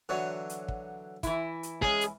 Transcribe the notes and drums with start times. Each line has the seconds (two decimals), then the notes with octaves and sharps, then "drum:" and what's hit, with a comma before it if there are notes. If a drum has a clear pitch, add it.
0.09 D3 E3 F#3 C#5
0.49 drum: hi-hat
0.68 drum: kick
1.23 E3 E4, drum: kick, hi-hat
1.63 drum: hi-hat
1.82 G#3 C#4 G#4, drum: kick
2.01 drum: hi-hat